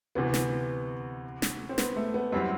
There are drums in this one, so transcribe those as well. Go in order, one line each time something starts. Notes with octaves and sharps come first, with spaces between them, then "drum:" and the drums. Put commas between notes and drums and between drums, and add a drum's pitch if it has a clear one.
D2 C3 E3 B3
drum: snare
drum: snare
C4
B3, drum: snare
A3
B3
F#2 F#3 G3 C4 E4